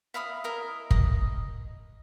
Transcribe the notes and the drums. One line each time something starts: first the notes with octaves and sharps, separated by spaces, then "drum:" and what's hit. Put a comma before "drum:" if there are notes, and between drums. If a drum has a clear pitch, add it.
E5 F5 B5 D#6
E4 A#4 D#5
D#5, drum: kick